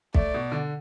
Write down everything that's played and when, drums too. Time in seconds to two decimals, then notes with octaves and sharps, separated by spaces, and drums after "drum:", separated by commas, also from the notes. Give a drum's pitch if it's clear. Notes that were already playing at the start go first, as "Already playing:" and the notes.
0.14 A3 D5, drum: kick
0.34 B2
0.52 D3